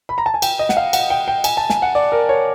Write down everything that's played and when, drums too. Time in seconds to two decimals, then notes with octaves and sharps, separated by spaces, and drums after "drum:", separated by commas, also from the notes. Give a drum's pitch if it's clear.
0.09 B5
0.18 A#5
0.26 A5
0.34 G#5
0.42 G5, drum: cymbal
0.59 D#5
0.69 F#5, drum: snare
0.77 F5
0.93 F#5, drum: cymbal
1.10 G5
1.28 G5
1.44 G#5, drum: cymbal
1.57 A5
1.70 G#5, drum: snare
1.82 F#5
1.95 D5
2.12 A#4
2.29 C#5